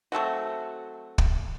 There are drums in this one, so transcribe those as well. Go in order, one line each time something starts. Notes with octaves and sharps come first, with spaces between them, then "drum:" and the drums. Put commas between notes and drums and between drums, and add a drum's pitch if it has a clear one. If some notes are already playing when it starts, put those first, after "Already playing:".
F#3 A3 C4 F#4
drum: kick